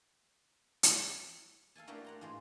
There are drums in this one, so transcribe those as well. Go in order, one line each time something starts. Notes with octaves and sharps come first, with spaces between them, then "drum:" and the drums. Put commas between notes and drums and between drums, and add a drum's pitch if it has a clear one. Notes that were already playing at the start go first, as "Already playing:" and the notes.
drum: hi-hat
A4 F5 G#5 A5
A3 A#3 D4 E4 F#4 G4
F#5 A#5 C6
A2 G#3 F4 G#4 C5